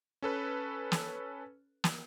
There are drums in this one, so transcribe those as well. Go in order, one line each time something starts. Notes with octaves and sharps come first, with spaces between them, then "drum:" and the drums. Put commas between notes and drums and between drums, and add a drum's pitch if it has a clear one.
C#4 A4 B4
drum: snare
drum: snare